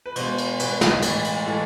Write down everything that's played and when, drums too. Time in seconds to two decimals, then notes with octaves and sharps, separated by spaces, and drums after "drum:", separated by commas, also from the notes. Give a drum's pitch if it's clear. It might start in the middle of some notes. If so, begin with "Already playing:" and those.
0.06 B4
0.16 B2 G#3 C5, drum: cymbal
0.38 drum: cymbal
0.59 B2 G#3 B4, drum: cymbal
0.81 drum: snare
1.02 A2 E3 G#3, drum: cymbal
1.24 drum: cymbal
1.46 A2 E3 G#3 A4